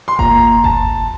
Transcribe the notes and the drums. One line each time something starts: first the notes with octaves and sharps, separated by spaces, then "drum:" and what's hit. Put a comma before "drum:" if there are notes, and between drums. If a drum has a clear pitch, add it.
C6
A#2 A#5, drum: kick F#1
A5, drum: kick F#1